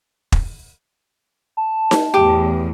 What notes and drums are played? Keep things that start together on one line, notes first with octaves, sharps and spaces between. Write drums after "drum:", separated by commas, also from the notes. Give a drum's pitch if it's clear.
drum: kick
A5
drum: snare D#4
E2 A2 G4